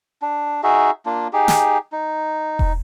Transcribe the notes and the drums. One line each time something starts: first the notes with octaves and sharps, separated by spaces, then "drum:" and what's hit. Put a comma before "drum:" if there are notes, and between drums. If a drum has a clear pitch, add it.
D4
D#4 F#4 G#4 E5
A#3 D4 F4
D#4 G4 G#4
drum: snare
D#4
drum: kick E1